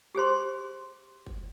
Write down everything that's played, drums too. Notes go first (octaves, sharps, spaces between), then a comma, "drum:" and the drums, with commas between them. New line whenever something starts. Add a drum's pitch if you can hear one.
G4 G#4 C5 C6
drum: kick